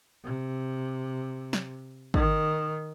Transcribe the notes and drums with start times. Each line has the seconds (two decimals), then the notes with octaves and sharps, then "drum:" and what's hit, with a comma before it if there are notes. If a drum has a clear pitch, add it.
0.24 C3
1.53 drum: snare
2.14 D#3, drum: kick